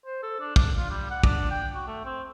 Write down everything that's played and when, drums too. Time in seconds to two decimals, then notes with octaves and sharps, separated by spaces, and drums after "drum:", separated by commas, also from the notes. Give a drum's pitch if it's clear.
0.06 C5
0.23 A4
0.40 D4
0.56 D4, drum: kick
0.77 F4
0.90 G3
1.10 F#5
1.24 D4, drum: kick
1.51 G5
1.75 F#4
1.87 A3
2.05 C4